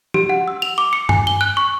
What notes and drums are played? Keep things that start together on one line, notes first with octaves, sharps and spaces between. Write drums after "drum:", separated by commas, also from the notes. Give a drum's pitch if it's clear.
G4, drum: tom
F#5
E6
F7
D6
C#7
G#5, drum: tom G2
G7
F#6
C#6